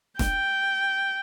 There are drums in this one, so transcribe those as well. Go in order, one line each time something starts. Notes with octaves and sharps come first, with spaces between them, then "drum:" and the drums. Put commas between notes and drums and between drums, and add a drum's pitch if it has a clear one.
G5, drum: snare E1